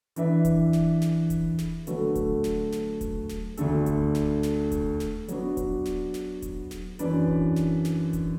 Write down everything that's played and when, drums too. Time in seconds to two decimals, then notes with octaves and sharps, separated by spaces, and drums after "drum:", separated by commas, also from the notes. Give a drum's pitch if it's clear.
0.16 E3 D4 B4 E5, drum: hi-hat
0.45 drum: kick D#1, hi-hat
0.73 drum: snare
1.02 drum: snare
1.30 drum: kick D#1, hi-hat
1.58 drum: snare
1.87 D3 F#3 A3 F#4 B4, drum: hi-hat
2.15 drum: kick D#1, hi-hat
2.44 drum: snare
2.72 drum: snare
3.01 drum: kick D#1, hi-hat
3.29 drum: snare
3.57 D2 D3 A3 D4 A4, drum: hi-hat
3.86 drum: kick D#1, hi-hat
4.15 drum: snare
4.43 drum: snare
4.72 drum: kick D#1, hi-hat
5.00 drum: snare
5.28 F#3 B3 D4 F#4, drum: hi-hat
5.57 drum: kick D#1, hi-hat
5.85 drum: snare
6.14 drum: snare
6.42 drum: kick D#1, hi-hat
6.71 drum: snare
6.99 F#2 E3 D4 B4 D5, drum: hi-hat
7.28 drum: kick D#1
7.56 drum: snare
7.85 drum: snare
8.13 drum: kick D#1, hi-hat